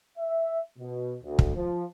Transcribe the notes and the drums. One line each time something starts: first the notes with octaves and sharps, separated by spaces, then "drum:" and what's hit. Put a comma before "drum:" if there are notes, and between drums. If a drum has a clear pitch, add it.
E5
B2
D2
drum: kick
F3